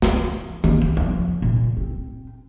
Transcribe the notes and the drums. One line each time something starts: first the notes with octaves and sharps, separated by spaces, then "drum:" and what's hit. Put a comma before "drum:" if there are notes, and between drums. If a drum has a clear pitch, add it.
E3, drum: snare
A#3, drum: tom D#3
drum: kick
F3, drum: tom E2
A#2
C4